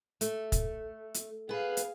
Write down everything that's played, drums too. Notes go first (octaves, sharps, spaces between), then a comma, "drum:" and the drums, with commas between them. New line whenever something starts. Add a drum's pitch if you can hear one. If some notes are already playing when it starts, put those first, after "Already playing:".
A3, drum: hi-hat
drum: kick, hi-hat
drum: hi-hat
B3 G#4 B4 F5
drum: hi-hat